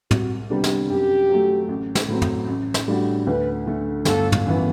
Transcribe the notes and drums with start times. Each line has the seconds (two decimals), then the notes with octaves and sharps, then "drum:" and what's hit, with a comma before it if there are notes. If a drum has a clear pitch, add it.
0.11 C2 F#4, drum: tom
0.50 C3 G3 B3 D4
0.64 drum: snare
0.90 F#2 G4
1.29 F#3 A3
1.68 A1
1.95 drum: snare
2.08 A2 F#3 C4
2.22 drum: tom
2.48 A1
2.74 drum: snare
2.88 A2 G3 D4 F#4
3.27 D2 B4
3.66 D3 A3
4.05 G1 A4, drum: snare
4.32 drum: tom
4.46 F#2 E3 B3